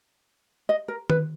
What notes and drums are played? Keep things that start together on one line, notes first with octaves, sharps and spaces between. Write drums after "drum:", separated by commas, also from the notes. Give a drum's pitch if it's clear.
D#5
A#4
B4, drum: tom D#3